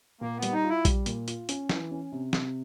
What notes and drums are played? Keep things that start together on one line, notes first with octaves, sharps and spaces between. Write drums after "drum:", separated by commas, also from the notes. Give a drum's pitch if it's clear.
A#2 A#3
B3
G3, drum: hi-hat
D#4
F4
E4
G3, drum: kick A#1, hi-hat
A#2, drum: hi-hat
F4, drum: hi-hat
C#4, drum: hi-hat
E3, drum: snare
C#4
C3
C3, drum: snare